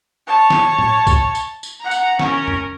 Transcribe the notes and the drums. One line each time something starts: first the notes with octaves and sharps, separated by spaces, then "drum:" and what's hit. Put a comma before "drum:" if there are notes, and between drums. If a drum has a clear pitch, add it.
C#5 A5
drum: snare
drum: tom A2
drum: kick, tambourine
drum: tambourine
drum: tambourine
F#5 A#5
drum: tambourine
C#4 A#4, drum: snare
drum: tom